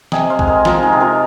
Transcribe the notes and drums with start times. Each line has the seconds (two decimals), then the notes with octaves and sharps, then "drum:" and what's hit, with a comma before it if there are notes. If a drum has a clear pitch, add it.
0.12 C3 D#5 G#5, drum: snare
0.30 C5 F5
0.39 G#3, drum: kick A#1
0.47 A#4 D#5
0.65 F3 F4 A#4, drum: snare
0.83 D#4 G#4
0.93 C3
1.00 F4 A#4